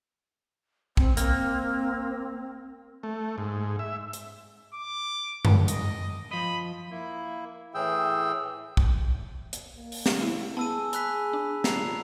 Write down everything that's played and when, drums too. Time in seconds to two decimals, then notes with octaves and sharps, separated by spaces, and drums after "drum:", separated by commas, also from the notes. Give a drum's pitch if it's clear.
0.97 C4, drum: kick
1.17 A#3 C4, drum: hi-hat
3.03 A3
3.38 G#2
3.79 E5
4.13 drum: hi-hat
4.75 D6
5.45 drum: tom F#2
5.68 D#5, drum: hi-hat
6.31 F3 D#5 B5
6.91 A#3 E4
7.74 A2 E3 G#4 G5 E6
8.77 drum: kick
9.53 drum: hi-hat
9.76 A#3
9.92 drum: open hi-hat
10.06 drum: snare
10.20 G#3 B3 E4
10.57 B3 G#4 A5 E6 D#7
10.93 B5 F#6 B6, drum: hi-hat
11.33 D4
11.64 A#2 A#5 C7 F7, drum: snare